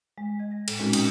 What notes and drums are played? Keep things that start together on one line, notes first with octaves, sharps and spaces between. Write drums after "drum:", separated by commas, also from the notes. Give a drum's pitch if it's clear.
G#3
D#5 G#6
A#6
A2, drum: cymbal
A#2 G#3 C4 C#4 D#4 F#4
G5 D#6, drum: cymbal